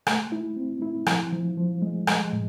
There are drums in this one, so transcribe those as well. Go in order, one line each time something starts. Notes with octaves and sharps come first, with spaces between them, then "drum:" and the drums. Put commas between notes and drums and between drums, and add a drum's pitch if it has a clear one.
A3, drum: rim click
E4
C4
E4
F3, drum: rim click
F3
F3
G#3
G#3, drum: rim click
A2